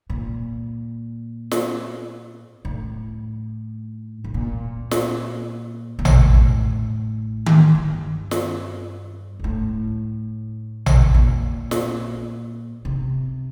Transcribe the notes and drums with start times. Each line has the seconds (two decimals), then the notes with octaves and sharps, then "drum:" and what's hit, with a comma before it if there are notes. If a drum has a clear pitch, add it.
0.10 A#2
1.51 drum: snare
2.65 A2
4.24 A2
4.34 A#2
4.91 drum: snare
5.99 A#2
6.05 A2, drum: tom A1
7.46 drum: tom D#3
7.75 G2
8.31 drum: snare
9.39 G2
9.44 A2
10.86 drum: tom A1
11.14 A#2
11.71 drum: snare
12.85 C3